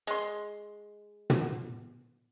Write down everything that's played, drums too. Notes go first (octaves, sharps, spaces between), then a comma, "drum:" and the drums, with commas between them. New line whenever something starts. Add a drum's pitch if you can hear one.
G#3 C6
drum: tom